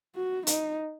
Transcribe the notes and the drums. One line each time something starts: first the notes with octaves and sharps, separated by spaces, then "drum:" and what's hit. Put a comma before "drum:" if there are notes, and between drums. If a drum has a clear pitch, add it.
F#4
D#4, drum: hi-hat